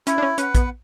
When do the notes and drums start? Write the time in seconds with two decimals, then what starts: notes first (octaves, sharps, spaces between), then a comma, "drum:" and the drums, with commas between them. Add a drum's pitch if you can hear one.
0.07 C#4 E4, drum: hi-hat
0.18 D4
0.22 C#4
0.38 C#4 B4 F#5, drum: hi-hat
0.55 B3, drum: kick, hi-hat